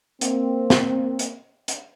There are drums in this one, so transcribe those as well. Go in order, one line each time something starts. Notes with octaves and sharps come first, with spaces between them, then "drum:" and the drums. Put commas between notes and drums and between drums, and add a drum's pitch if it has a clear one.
A#3 C4, drum: hi-hat
drum: snare
drum: hi-hat
drum: hi-hat